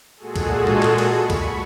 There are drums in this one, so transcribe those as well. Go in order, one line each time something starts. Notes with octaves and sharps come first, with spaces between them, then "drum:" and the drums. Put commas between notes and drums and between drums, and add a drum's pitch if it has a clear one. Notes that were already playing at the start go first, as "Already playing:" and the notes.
A#2 G#3 F#4 G#4 A4
drum: kick C#2, cymbal
drum: tom
drum: clap
drum: cymbal
B5 C#6
drum: kick C#2, cymbal